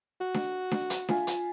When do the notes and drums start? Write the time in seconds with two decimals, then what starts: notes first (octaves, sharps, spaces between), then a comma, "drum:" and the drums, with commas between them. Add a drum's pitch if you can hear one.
0.21 F#4
0.34 drum: snare D4
0.71 drum: snare D4
0.90 drum: hi-hat
1.09 F4 E5 G#5, drum: snare D4
1.27 drum: hi-hat